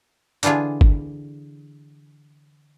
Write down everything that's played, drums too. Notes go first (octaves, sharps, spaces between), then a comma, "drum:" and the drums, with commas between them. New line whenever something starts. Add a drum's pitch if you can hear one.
D3 E3 D4 F4 G#4, drum: hi-hat
drum: kick G1